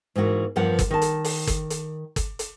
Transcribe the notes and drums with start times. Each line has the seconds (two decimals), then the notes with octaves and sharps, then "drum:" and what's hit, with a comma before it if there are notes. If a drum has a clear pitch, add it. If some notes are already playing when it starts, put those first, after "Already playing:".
0.16 G#2 E3 A#3 F#4
0.56 E2 G2 F3 A#3 F#5
0.79 drum: kick, hi-hat
0.91 D#3 A5
1.02 drum: hi-hat
1.24 drum: open hi-hat
1.47 drum: kick, hi-hat
1.70 drum: hi-hat
2.16 drum: kick, hi-hat
2.39 drum: hi-hat